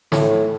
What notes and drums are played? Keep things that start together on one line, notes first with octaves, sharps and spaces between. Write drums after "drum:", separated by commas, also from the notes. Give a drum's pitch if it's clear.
A2, drum: snare